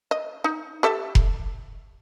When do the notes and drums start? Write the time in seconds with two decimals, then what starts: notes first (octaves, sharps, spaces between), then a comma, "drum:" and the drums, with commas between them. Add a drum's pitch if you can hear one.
0.11 D#5
0.44 D#4
0.83 G4 A4 E5
1.15 drum: kick F1